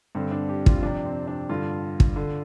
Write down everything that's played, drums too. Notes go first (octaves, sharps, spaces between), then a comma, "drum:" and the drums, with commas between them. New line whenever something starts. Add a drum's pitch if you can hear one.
G2 D3 C4
D4
G4
F4, drum: kick
F4
F2 C3 D4
C4
D4
G2 D3 F4
drum: kick
D3